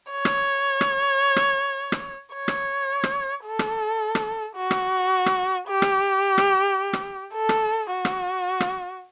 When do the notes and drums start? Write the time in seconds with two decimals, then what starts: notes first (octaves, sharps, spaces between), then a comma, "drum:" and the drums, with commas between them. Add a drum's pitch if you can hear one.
0.11 C#5
0.25 drum: rim click
0.81 drum: rim click
1.36 drum: rim click
1.92 drum: rim click
2.34 C#5
2.48 drum: rim click
3.04 drum: rim click
3.45 A4
3.59 drum: rim click
4.15 drum: rim click
4.57 F#4
4.71 drum: rim click
5.26 drum: rim click
5.68 G4
5.82 drum: rim click
6.38 drum: rim click
6.93 drum: rim click
7.35 A4
7.49 drum: rim click
7.91 F#4
8.05 drum: rim click
8.60 drum: rim click